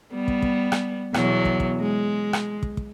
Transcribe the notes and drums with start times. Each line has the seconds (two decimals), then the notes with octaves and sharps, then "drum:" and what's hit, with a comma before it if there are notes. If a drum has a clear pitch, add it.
0.13 G3 B3
0.28 drum: kick
0.42 drum: kick
0.72 drum: rim click
1.14 E2 B2 F#3, drum: rim click
1.45 drum: kick
1.60 drum: kick
1.81 G#3
2.33 drum: rim click
2.63 drum: kick
2.77 drum: kick